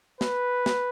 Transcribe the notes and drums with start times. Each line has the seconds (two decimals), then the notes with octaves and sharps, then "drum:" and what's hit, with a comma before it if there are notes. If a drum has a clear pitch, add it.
0.21 B4, drum: snare
0.66 drum: snare